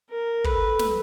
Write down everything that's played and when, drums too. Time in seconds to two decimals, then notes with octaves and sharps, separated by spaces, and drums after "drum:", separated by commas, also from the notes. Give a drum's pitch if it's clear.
0.10 A#4
0.44 A4 B4, drum: kick
0.79 drum: snare